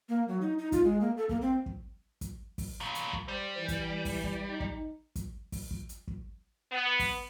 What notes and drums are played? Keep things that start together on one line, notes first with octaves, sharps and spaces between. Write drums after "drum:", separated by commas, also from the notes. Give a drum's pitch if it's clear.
A#3
F#3
D#4
D#4
F4, drum: kick, hi-hat
G#3
A#3
A4
A#3, drum: kick
C4
drum: kick
drum: kick, hi-hat
drum: kick, open hi-hat
B2 A#3
drum: hi-hat
drum: kick
G3 C5
E3
drum: kick, hi-hat
drum: kick, open hi-hat
drum: kick
D#4
drum: kick
drum: kick, hi-hat
drum: kick, open hi-hat
drum: kick
drum: hi-hat
drum: kick
B3
drum: kick, open hi-hat